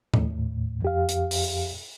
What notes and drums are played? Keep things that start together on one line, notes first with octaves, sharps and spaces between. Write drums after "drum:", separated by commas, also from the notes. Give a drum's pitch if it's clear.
D#2 A2, drum: tom A2
F2 G4 F5
drum: hi-hat
drum: open hi-hat